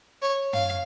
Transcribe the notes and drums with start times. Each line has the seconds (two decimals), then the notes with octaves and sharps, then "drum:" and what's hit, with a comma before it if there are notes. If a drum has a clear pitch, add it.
0.22 C#5
0.53 F5, drum: tom